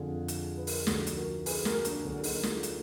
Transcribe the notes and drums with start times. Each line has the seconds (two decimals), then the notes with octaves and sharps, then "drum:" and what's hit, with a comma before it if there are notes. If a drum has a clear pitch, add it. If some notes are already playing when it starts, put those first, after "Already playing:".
Already playing: F2 D3 F3 F4 G#4
0.28 drum: hi-hat
0.57 B4
0.67 A#4, drum: open hi-hat
0.76 G#4
0.87 D2 D3 F3 D#4 F#4, drum: snare
1.07 drum: hi-hat
1.16 F#4 A#4
1.46 G#4 B4, drum: open hi-hat
1.65 F#4 A#4, drum: snare
1.85 A#3 D4, drum: hi-hat
2.04 D2 D3 F#3 A#3
2.21 G#4
2.23 D#4 F#4, drum: open hi-hat
2.34 A#4
2.43 F4 G#4, drum: snare
2.63 drum: hi-hat